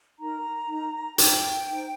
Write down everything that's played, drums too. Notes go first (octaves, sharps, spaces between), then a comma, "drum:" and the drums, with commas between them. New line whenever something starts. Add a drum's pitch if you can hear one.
D#4 A#4 A#5
D#4 A#4
D#4 C5 G5, drum: hi-hat
D#4 C5